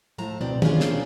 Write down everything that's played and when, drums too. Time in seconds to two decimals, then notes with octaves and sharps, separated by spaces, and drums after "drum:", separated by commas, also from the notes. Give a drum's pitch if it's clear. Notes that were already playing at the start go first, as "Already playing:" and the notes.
0.18 A2 F3 E4 A5 A#5
0.41 D2 B2 C4 D5
0.62 A#3 C#4 D4 E4 F4 G#4, drum: tom
0.80 drum: snare